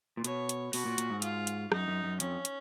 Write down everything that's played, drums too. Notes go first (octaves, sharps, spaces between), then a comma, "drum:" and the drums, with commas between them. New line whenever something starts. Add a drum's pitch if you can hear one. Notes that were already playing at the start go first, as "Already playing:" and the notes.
A#2
B2 C#5, drum: hi-hat
drum: hi-hat
B2 F#4, drum: open hi-hat
A#2
A#2, drum: hi-hat
G#2
F4, drum: hi-hat
drum: hi-hat
F#2 D#4, drum: rim click
F#2
F#2
F2 C#4, drum: hi-hat
drum: hi-hat